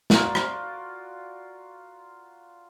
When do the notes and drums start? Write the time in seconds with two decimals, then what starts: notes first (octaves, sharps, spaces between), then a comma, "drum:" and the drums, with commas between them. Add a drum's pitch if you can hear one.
0.10 F4 F#4 A#4 D5, drum: snare
0.35 drum: rim click